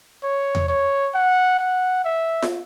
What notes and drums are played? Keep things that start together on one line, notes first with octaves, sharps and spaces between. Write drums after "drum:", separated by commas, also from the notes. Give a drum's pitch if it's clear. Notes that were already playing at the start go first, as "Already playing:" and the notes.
C#5
drum: tom E2
C#5
F#5
F#5
E5
drum: snare F4